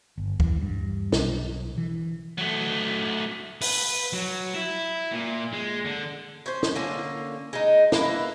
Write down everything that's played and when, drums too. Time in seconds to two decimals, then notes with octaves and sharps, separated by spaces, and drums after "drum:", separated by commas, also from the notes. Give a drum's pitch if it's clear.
0.18 G1
0.40 E3, drum: kick D2
0.62 G2
1.12 B1, drum: snare
1.78 E3
2.38 F#3 A3
3.61 B4, drum: open hi-hat
4.13 F#3
4.54 E4
5.12 A#2
5.52 G#3
5.85 D3
6.46 C#4 C5
6.63 drum: snare
6.75 D3 A#3 C#4
7.53 G#3 D#4
7.92 A#3 E4 B4, drum: snare